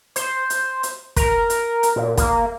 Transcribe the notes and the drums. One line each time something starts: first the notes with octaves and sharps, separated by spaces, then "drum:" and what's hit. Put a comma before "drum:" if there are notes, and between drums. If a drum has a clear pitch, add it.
C5, drum: hi-hat
drum: hi-hat
drum: hi-hat
A#4, drum: kick, hi-hat
drum: hi-hat
drum: hi-hat
A#2
A#3, drum: kick, hi-hat